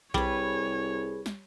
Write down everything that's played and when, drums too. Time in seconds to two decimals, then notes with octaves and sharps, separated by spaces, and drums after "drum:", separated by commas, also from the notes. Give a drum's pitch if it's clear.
0.14 C2 G3 G#4 B4 C#5, drum: kick B1
1.26 drum: snare